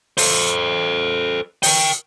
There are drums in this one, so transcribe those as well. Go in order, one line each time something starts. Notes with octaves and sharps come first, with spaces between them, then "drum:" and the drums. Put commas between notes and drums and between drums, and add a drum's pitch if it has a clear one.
A4 C5, drum: open hi-hat
A#4 G5, drum: open hi-hat